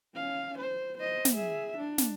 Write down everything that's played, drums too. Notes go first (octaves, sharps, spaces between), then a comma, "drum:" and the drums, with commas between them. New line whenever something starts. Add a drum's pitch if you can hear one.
C#4 F5
C5
C5 D#5
drum: snare
G#4 E5
D4
drum: snare